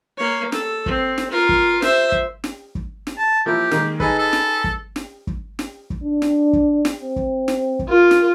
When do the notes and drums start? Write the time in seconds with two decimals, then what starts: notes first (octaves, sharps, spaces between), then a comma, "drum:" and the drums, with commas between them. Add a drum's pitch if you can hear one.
0.17 A#3 C#5
0.52 A4, drum: snare
0.86 C4, drum: kick
1.18 drum: snare
1.31 F4 A#4
1.49 drum: kick
1.82 C5 E5, drum: snare
2.12 drum: kick
2.44 drum: snare
2.75 drum: kick
3.07 drum: snare
3.18 A5
3.46 F3 A#3 E4 G4
3.71 D#3 G#3 A#3, drum: snare
4.00 D#4 G#4 A4 B4, drum: kick
4.19 A4
4.33 drum: snare
4.64 drum: kick
4.96 drum: snare
5.27 drum: kick
5.59 drum: snare
5.90 drum: kick
6.03 D4
6.22 drum: snare
6.53 drum: kick
6.85 drum: snare
7.02 C4
7.16 drum: kick
7.48 drum: snare
7.79 drum: kick
7.89 F4 A#4
8.11 drum: snare